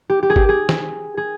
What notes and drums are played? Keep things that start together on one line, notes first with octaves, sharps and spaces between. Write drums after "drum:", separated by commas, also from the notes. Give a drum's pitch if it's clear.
G4
G4
G#4
G4, drum: kick G#1
G#4
drum: snare
G#4